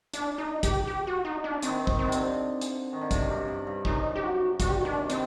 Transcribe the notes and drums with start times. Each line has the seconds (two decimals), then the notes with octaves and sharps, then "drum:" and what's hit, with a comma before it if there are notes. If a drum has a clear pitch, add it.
0.14 D4, drum: hi-hat
0.38 D#4
0.63 G4, drum: kick, hi-hat
0.87 G4
1.07 F#4
1.25 D#4
1.44 D4
1.62 D#3 C4, drum: hi-hat
1.87 D#3, drum: kick
1.99 C4
2.06 C3
2.12 D3, drum: hi-hat
2.62 drum: hi-hat
2.93 D#3
3.01 D3
3.11 C3, drum: kick, hi-hat
3.22 F#2
3.30 G2
3.48 G2
3.67 G2
3.85 F#2 D#4, drum: kick
4.15 G4
4.23 F#4
4.60 G2 F#4, drum: kick, hi-hat
4.69 G4
4.76 F#4
4.78 D#3
4.85 D4
4.98 C3
5.10 C4, drum: hi-hat